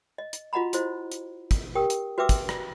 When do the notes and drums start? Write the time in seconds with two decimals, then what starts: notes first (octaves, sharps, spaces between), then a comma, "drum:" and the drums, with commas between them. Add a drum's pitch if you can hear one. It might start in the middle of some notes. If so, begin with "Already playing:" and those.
0.18 D#5
0.33 drum: hi-hat
0.53 F4 F#4 D#5 F#5 A#5 B5
0.73 E4 F#4 C5 D#5, drum: hi-hat
1.12 drum: hi-hat
1.51 drum: kick, hi-hat
1.75 G4 A#4 G5 D#6
1.90 drum: hi-hat
2.18 F#4 B4 E5 G5 D6 E6
2.29 drum: kick, hi-hat
2.49 drum: rim click